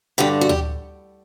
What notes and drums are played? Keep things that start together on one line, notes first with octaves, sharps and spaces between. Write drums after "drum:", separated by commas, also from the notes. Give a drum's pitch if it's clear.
G2 D3 G4
F#4
G4, drum: tom